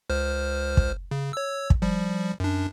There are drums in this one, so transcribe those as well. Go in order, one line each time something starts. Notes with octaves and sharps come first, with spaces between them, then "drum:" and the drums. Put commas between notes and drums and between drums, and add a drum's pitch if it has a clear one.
C#2 C5 F6
drum: kick
C#3
C#5 E6
drum: kick
F3 G3
F#2 D4